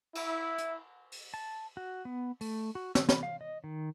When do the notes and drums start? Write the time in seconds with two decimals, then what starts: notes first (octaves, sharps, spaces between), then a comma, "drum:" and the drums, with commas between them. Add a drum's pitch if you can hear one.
0.15 E4, drum: cymbal
0.58 drum: hi-hat
1.12 drum: open hi-hat
1.34 A5
1.77 F#4
2.05 B3
2.41 A3, drum: open hi-hat
2.75 F#4
2.95 E6, drum: snare
3.09 B5, drum: snare
3.23 F5
3.41 D#5
3.64 D#3